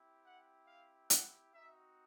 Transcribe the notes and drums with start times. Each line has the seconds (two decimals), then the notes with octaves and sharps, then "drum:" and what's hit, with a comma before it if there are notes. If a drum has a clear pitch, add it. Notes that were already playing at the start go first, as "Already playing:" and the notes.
Already playing: C4 E4 G4
0.25 F#5
0.67 F5
1.10 F#5, drum: hi-hat
1.54 C4 D#4 F#4 E5